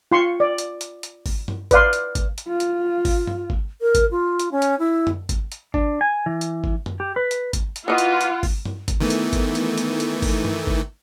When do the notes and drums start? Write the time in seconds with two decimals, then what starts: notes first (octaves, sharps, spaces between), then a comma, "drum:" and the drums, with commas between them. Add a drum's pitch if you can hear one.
0.12 F4 C6 C#6
0.40 D5
0.58 drum: hi-hat
0.81 drum: hi-hat
1.03 drum: hi-hat
1.26 drum: kick G#1, open hi-hat
1.48 drum: tom G2
1.71 B4 D5 F5 C6, drum: kick G#1, hi-hat
1.93 drum: hi-hat
2.15 drum: kick G#1, hi-hat
2.38 drum: hi-hat
2.48 F4
2.60 drum: hi-hat
3.05 drum: kick G#1, open hi-hat
3.27 drum: tom G2
3.50 drum: kick G#1
3.81 A#4
3.95 drum: kick G#1, hi-hat
4.11 F4
4.40 drum: hi-hat
4.52 C#4
4.62 drum: hi-hat
4.79 E4
5.07 drum: tom F#2
5.29 drum: kick G#1, hi-hat
5.52 drum: hi-hat
5.74 D4, drum: kick G#1
6.01 G#5
6.26 E3
6.41 drum: hi-hat
6.64 drum: kick G#1
6.86 drum: tom F#2
7.00 G4
7.16 B4
7.31 drum: hi-hat
7.53 drum: kick G#1, hi-hat
7.76 drum: hi-hat
7.88 E3 A#3 D#4 F4 F#4 B4 D#5 F#5
7.98 drum: hi-hat
8.21 drum: hi-hat
8.43 drum: kick G#1, open hi-hat
8.65 drum: tom G2
8.88 drum: kick G#1, hi-hat
9.00 D#3 E3 A3 B3
9.10 drum: hi-hat
9.33 drum: kick G#1, hi-hat
9.55 drum: hi-hat
9.78 drum: hi-hat
10.00 drum: hi-hat
10.22 drum: kick G#1, open hi-hat
10.45 drum: tom G2
10.67 drum: kick G#1